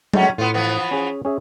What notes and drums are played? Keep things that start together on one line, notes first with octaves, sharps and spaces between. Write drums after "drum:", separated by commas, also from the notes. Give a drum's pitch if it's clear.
F#3 G#3 A3 C#4 F#4, drum: tom F#3
A2 B3 F4
E3 F3 B3
C#4 G#4
C#4 G#4 E5